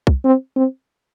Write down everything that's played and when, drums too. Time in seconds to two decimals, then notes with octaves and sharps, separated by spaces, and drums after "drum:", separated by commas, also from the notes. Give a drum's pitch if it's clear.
0.07 drum: kick
0.24 C4
0.56 C4